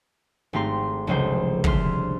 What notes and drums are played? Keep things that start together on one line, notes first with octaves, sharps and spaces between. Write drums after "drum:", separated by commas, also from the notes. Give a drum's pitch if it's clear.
G#1 A3 C4 G4 A#5 C6
F1 C#2 C#3 F#3 C5
C2 D3 E5 C6 F6, drum: kick